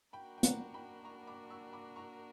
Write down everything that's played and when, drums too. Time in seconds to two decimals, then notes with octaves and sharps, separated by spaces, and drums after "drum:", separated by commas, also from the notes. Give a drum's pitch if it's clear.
0.13 A#3 D4 F#4 A#4 G5 B5
0.38 G5
0.43 F#5 A#5, drum: hi-hat
0.74 G5 B5
1.05 A#5 C#6
1.27 B5 D6
1.50 C#6 E6
1.73 B5 D6
1.96 A#5 C#6